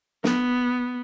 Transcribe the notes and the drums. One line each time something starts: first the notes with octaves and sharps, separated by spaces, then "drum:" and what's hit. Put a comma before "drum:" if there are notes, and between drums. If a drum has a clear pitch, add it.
B3, drum: snare